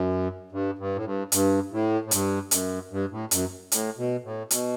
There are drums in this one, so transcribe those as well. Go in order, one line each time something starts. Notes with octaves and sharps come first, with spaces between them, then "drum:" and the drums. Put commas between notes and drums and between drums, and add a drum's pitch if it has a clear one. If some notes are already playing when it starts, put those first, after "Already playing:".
Already playing: F#2
G2
G2
A2
G2
G2, drum: hi-hat
A2
A2
G2, drum: hi-hat
F#2, drum: hi-hat
G2
A2
F#2, drum: hi-hat
A2, drum: hi-hat
B2
A2
B2, drum: hi-hat